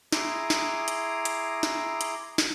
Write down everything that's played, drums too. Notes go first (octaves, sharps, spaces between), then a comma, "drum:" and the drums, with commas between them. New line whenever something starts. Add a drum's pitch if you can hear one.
E4 G#4 A#5 C6 D6 D#6, drum: snare
drum: snare
drum: hi-hat
drum: hi-hat
drum: snare
drum: hi-hat
drum: snare